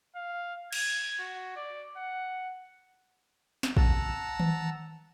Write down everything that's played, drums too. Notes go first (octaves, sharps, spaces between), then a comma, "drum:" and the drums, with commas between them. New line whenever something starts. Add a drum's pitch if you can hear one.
F5
G#6, drum: cymbal
F#4
D5
F#5
drum: snare
F#5 A5 A#5 E6, drum: kick
drum: tom D#3